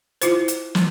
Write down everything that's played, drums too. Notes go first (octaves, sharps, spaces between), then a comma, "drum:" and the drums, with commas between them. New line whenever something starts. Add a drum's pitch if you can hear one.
E4 F4 C5, drum: hi-hat
drum: hi-hat
drum: snare